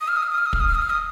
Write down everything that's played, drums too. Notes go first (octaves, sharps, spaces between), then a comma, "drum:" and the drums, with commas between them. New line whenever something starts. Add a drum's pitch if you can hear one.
D#6
F6
D#6
F6
D#6
F6
D#6
F6, drum: kick
D#6
F6
D#6
F6
D#6